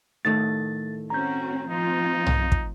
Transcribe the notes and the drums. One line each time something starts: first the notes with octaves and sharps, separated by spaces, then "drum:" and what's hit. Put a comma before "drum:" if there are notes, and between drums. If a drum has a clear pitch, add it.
A2 D#3 A3 A6
C4 C#4 F#4 A#5 G6
F3 C4 D#4 F4
drum: tom B1
drum: kick